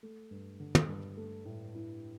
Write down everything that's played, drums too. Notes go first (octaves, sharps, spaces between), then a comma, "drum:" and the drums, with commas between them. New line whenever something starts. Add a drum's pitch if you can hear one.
A3
G2
D3
drum: tom
G2
A3
A2
E4